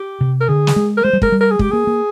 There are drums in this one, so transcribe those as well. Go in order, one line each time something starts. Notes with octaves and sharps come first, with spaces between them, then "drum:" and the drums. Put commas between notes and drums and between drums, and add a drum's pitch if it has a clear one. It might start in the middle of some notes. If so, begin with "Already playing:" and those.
Already playing: G4
C3
A#4
D3 G#4
drum: snare
G#3
A#4
G#3 C5
G3
G#3 A#4, drum: kick
G3
A#4
G#4
G#3 G4, drum: kick
A#3 G#4
A#3